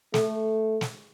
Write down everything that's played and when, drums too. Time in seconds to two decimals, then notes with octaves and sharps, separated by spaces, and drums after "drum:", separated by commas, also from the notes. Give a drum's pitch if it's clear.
0.14 A3 A4, drum: snare
0.81 drum: snare